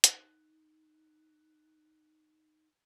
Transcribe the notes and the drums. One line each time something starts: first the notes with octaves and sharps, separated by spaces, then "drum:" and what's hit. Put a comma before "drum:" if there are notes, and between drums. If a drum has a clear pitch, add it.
D#4 F#6, drum: hi-hat